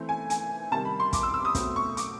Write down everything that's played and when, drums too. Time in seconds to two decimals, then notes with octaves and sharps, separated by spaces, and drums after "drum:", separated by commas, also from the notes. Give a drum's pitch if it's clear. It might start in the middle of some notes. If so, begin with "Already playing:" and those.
Already playing: E3 A3 C4
0.09 G#5
0.30 G#5, drum: hi-hat
0.71 C3 D#3 G3 A5
0.85 B5
1.00 C6
1.13 D6, drum: kick, hi-hat
1.23 E6
1.34 E6
1.45 D#6
1.55 B2 F#3 A3 C4, drum: kick, hi-hat
1.76 C#6
1.97 D6, drum: hi-hat